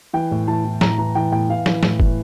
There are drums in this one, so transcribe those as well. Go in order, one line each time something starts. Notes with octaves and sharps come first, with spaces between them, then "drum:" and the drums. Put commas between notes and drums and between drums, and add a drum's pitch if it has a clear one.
E3 G5
A2
E3 A5
E3
A2 A#5, drum: snare
E3 A#5
E3 G5
A2 G5
E3 F5
E3, drum: snare
A2, drum: snare
E3, drum: kick F#1